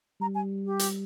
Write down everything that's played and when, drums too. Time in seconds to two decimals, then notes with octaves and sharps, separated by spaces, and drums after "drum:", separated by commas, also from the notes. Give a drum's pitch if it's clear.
0.20 G3 A#5
0.35 G#5
0.65 G4
0.79 drum: hi-hat